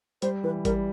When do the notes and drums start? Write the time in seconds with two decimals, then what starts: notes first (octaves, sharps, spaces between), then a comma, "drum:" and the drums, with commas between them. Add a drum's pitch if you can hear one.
0.22 G3 C5, drum: hi-hat
0.44 E3 B4
0.65 G3 A#4, drum: kick G#1, hi-hat